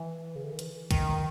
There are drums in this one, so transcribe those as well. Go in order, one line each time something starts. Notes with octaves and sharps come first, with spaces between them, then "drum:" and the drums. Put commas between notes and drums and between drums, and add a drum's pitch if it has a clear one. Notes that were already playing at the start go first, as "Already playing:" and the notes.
Already playing: E3
C#3
D3
D#3
E3, drum: hi-hat
D#3, drum: kick, hi-hat